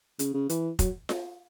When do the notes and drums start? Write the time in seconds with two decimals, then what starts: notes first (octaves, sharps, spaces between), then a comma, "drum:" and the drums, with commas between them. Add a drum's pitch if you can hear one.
0.19 C#3, drum: hi-hat
0.34 C#3
0.49 E3, drum: hi-hat
0.79 F#3, drum: kick F1, hi-hat
1.09 drum: snare F4